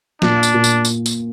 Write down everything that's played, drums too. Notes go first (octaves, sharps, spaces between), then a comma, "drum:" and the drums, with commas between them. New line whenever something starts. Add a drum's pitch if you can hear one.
A#2 D4, drum: snare
drum: tambourine
A#2
drum: tambourine
drum: tambourine
drum: tambourine